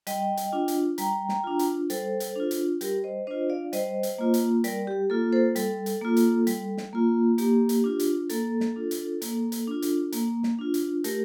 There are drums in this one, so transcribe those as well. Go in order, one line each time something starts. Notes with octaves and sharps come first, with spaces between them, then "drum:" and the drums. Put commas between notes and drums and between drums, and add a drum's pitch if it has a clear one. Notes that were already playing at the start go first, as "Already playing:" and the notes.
G3 D#5 G5, drum: hi-hat
drum: hi-hat
D4 F4
drum: hi-hat
G3 G5 A#5, drum: hi-hat
drum: snare
D4 F4
drum: hi-hat
G3 A4 C5, drum: hi-hat
drum: hi-hat
D4 F4
drum: hi-hat
G3 G4 A#4, drum: hi-hat
C5 D#5
D4 F4 C5 D#5
D5 F5
G3 C5 D#5, drum: hi-hat
drum: hi-hat
A#3 F4
drum: hi-hat
G3 A#4 D5, drum: hi-hat
G4
A#3 F4 A4
A4 C5
G3 A4, drum: hi-hat
drum: hi-hat
A#3 F4
drum: hi-hat
G3, drum: hi-hat
drum: snare
A#3 F4
A#3 G4, drum: hi-hat
drum: hi-hat
D4 F4
drum: hi-hat
A#3 A4, drum: hi-hat
drum: snare
D4 F4
drum: hi-hat
A#3, drum: hi-hat
drum: hi-hat
D4 F4
drum: hi-hat
A#3, drum: hi-hat
drum: snare
D4 F4
drum: hi-hat
A3 G4 A#4, drum: hi-hat